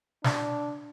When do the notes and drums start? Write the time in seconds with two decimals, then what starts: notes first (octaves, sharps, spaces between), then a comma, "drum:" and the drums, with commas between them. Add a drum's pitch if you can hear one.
0.24 D4, drum: snare